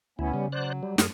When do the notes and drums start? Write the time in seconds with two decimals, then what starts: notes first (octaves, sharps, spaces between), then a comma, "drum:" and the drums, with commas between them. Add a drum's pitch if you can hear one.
0.19 D2 B3 C#4 E4
0.34 C#3 G3
0.52 F#3 C5 D5 F#6
0.83 G3
0.98 F#2 G#4 A#4, drum: snare